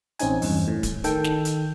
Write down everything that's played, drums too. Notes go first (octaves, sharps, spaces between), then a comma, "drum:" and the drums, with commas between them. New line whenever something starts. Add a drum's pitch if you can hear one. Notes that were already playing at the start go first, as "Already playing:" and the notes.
A1 C4 C#4 D#4 G#5, drum: hi-hat
E2 G2, drum: open hi-hat
A2
drum: kick D1, hi-hat
D#3 A4 G5, drum: hi-hat
drum: snare
drum: hi-hat